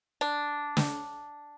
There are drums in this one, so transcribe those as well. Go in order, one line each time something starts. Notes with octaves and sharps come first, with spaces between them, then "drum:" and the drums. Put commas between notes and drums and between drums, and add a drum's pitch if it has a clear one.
D4
drum: snare